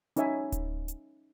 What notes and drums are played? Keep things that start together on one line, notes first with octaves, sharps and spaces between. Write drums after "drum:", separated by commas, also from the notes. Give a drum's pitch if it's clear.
C#4 D#4 C#5 E5 G#5, drum: hi-hat
drum: kick D1, hi-hat
drum: hi-hat